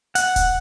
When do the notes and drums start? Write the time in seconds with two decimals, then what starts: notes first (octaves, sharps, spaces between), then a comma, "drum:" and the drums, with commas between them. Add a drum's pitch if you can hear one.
0.15 F#5, drum: hi-hat
0.36 drum: kick D1, hi-hat